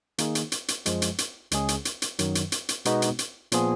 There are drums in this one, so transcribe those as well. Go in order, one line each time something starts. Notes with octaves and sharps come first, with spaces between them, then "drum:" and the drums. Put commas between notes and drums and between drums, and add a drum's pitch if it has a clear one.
D#3 A#3 D#4 G#4, drum: hi-hat
drum: hi-hat
drum: hi-hat
drum: hi-hat
F#2 F3 G#3, drum: hi-hat
drum: hi-hat
drum: hi-hat
C#2 C#3 G#3 C#4 G#4, drum: hi-hat
drum: hi-hat
drum: hi-hat
drum: hi-hat
F#2 D#3 F#3, drum: hi-hat
drum: hi-hat
drum: hi-hat
drum: hi-hat
B2 G#3 B3 D#4 F#4, drum: hi-hat
drum: hi-hat
drum: hi-hat
A#2 F3 B3 F4 G#4, drum: hi-hat